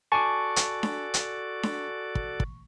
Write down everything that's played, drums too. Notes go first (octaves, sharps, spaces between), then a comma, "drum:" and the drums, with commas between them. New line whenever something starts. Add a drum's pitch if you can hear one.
F#4 A4 D5 G#5 A5 C#6 D6 D#7
drum: hi-hat
drum: snare D4
drum: hi-hat
drum: snare D4
drum: kick
drum: kick